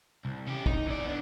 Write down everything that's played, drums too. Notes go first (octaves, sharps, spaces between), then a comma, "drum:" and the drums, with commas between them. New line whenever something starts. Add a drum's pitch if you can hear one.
C2
C#4 G4
D#4, drum: kick
E3 D5
B3 D4